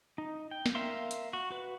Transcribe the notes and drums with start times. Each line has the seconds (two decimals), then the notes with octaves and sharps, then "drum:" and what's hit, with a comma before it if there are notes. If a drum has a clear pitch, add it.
0.18 D#4
0.51 G5
0.66 drum: snare
0.75 A#4 E5 F5 C6
1.11 drum: hi-hat
1.33 F#4
1.51 F#4 B4